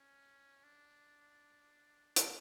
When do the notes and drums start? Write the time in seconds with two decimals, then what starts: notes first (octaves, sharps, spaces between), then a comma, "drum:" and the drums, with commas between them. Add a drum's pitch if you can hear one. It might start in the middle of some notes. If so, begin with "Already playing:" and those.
Already playing: C#4
0.64 D4
2.16 drum: hi-hat